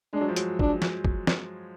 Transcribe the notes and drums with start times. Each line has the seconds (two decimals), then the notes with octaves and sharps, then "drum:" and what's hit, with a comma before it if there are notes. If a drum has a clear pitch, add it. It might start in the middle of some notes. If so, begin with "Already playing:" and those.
0.13 G#3 D4
0.21 F#3
0.28 F3
0.36 F#3, drum: hi-hat
0.59 D4, drum: kick
0.82 drum: snare
1.05 drum: kick
1.27 drum: snare